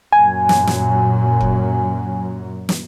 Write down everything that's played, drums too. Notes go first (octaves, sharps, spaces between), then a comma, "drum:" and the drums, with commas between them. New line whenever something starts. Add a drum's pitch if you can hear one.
F#2 A#2 F#3 G#5
drum: snare
drum: snare
drum: kick
drum: snare